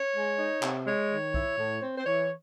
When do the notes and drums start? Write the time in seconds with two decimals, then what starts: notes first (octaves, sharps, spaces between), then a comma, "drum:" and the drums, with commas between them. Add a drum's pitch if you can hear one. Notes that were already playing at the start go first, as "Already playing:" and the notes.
Already playing: C#5
0.16 G#3
0.39 D#4
0.63 C3, drum: clap
0.87 G#3 C#5
1.11 D#3
1.34 E4, drum: kick
1.58 A2
1.82 C4 C5
1.98 C5
2.06 E3 C#5